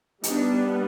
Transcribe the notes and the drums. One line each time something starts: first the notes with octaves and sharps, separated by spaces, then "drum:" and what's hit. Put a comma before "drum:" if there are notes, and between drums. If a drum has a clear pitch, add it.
G3 B3 D4 D#4, drum: hi-hat